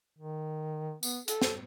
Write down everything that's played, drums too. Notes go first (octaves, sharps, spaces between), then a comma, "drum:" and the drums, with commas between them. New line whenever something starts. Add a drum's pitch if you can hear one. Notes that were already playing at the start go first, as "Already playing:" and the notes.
D#3
B3, drum: tambourine
A4, drum: hi-hat
drum: snare